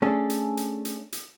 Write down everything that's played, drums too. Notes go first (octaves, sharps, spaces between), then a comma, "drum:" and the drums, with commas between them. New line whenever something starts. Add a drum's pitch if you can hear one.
A3 C#4 D4 G#4 A4
drum: hi-hat
drum: hi-hat
drum: hi-hat
drum: hi-hat